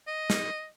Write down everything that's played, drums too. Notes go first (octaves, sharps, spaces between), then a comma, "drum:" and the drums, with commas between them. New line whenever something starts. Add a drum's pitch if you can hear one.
D#5
drum: snare